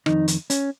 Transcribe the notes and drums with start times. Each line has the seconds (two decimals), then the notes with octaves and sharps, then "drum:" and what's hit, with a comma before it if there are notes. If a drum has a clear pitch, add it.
0.06 F2 D#3 D#4, drum: rim click
0.28 drum: hi-hat
0.50 C#4, drum: hi-hat